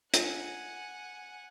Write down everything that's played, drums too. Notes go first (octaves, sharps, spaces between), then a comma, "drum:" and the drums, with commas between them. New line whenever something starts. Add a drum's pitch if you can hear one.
F4 F#5 G#5, drum: hi-hat